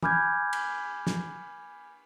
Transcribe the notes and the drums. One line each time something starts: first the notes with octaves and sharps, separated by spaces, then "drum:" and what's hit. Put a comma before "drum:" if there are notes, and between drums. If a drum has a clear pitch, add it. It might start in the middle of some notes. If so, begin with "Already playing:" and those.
G#5 B5 D6 F6 G6 G#6, drum: tom
drum: cymbal
drum: snare